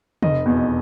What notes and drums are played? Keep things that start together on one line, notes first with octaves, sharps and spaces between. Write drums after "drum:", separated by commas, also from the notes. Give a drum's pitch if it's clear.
F1 D#5, drum: tom
E2 B2